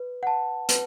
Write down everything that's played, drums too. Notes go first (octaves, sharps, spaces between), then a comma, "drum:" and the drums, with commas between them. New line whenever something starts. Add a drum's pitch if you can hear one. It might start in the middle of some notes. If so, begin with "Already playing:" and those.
Already playing: B4
F#5 A5
B4, drum: hi-hat